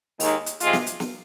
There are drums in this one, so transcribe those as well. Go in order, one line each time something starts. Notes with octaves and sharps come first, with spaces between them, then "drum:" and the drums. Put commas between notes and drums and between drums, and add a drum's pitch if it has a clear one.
D#2 D#3 G#3 D#4, drum: open hi-hat
drum: hi-hat
C3 G#3 F4, drum: hi-hat
drum: snare
drum: hi-hat
drum: snare